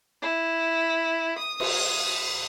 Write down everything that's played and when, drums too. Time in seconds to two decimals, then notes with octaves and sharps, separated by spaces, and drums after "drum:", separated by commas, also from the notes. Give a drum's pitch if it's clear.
0.22 E4
1.38 D#6
1.60 drum: cymbal